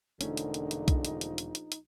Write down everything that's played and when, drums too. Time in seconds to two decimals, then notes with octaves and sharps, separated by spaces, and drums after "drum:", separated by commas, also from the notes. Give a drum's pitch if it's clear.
0.21 E1 A#1 D3 A3 C#4 D#4, drum: hi-hat
0.37 drum: hi-hat
0.54 drum: hi-hat
0.71 drum: hi-hat
0.88 drum: kick B1, hi-hat
1.05 drum: hi-hat
1.21 drum: hi-hat
1.38 drum: hi-hat
1.55 drum: hi-hat
1.72 drum: hi-hat